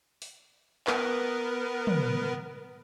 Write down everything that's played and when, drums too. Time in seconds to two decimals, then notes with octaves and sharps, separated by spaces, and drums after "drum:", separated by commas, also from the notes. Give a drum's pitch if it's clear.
0.22 drum: open hi-hat
0.87 B3 A#4 B4, drum: clap
1.87 drum: tom